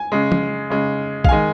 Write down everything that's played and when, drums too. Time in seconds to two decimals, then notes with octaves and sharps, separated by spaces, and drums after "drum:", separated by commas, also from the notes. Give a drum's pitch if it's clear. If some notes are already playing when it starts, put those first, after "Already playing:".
Already playing: G#5
0.12 C#3 G#3
0.32 drum: tom
0.70 C#3 G#3
1.24 F5, drum: kick
1.29 D#3 G#3 G#5